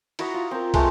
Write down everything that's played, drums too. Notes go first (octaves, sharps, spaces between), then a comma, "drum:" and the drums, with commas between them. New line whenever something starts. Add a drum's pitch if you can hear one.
E4 F#4 A#5 D#6, drum: cymbal
F4
C4 A#4
G#3 A3 C5, drum: kick, cymbal